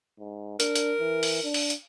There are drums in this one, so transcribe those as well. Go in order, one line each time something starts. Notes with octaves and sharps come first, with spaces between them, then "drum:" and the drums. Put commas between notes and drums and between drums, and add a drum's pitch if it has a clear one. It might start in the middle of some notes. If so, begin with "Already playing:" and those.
G#2
D4 A#4, drum: hi-hat
drum: hi-hat
E3
drum: open hi-hat
D4
drum: open hi-hat
drum: hi-hat